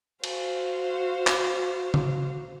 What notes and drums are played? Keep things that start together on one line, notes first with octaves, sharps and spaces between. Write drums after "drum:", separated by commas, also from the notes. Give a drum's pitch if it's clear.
F#4 C5 F5, drum: cymbal
drum: clap
drum: tom C#3